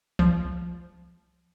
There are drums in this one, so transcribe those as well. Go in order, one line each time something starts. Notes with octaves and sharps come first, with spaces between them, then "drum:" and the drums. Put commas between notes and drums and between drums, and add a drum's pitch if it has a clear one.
F3, drum: kick C2